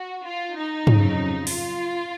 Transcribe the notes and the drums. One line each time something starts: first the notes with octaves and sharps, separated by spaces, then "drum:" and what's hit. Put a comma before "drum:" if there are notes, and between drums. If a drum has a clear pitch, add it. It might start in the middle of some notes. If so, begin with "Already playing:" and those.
Already playing: F#4
F4
D#4
F2 C#3 F#3, drum: tom
F4, drum: open hi-hat